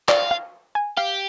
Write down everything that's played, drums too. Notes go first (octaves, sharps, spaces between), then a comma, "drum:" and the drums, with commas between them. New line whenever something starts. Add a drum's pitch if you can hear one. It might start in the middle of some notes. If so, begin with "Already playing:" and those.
F4 D5, drum: clap
F5
G#5
G4 F5